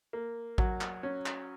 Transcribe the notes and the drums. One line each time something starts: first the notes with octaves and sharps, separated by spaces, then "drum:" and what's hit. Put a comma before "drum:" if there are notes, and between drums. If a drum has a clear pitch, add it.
A#3
F#3, drum: kick A1
drum: clap
C#4
drum: clap